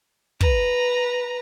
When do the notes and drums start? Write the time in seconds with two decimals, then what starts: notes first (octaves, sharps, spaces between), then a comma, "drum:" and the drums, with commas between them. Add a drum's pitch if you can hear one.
0.41 B4 A#5, drum: kick